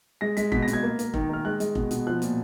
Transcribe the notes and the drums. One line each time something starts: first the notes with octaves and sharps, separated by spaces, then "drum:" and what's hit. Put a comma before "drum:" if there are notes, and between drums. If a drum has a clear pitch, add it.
G#3 A#6
G#3 B6, drum: hi-hat
B2 B6, drum: kick F1
A#6
B2, drum: hi-hat
G#6
A#3
A#3, drum: hi-hat
D#3, drum: kick F1
D#3 F6
G#3 F#6
G#3, drum: hi-hat
B2, drum: kick F1
B2, drum: hi-hat
F3 F#6
A#2, drum: hi-hat